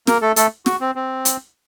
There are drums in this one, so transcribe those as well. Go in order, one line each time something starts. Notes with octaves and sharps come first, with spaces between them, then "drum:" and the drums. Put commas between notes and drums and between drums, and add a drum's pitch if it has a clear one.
A#3 A#4, drum: snare
A3 A4
A3 A4, drum: hi-hat
F#4, drum: snare
C4
C4
drum: hi-hat